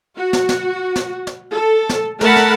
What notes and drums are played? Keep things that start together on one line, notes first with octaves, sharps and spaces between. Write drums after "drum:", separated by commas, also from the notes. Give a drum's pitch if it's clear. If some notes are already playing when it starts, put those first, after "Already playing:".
F#4
drum: snare
drum: snare
drum: snare
drum: snare
A4
drum: snare
A3 A4 A#4 F#5 A5 B5, drum: snare
drum: snare